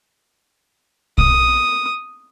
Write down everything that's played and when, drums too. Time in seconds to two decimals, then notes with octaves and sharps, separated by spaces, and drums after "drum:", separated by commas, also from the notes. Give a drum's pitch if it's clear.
1.18 D#6, drum: kick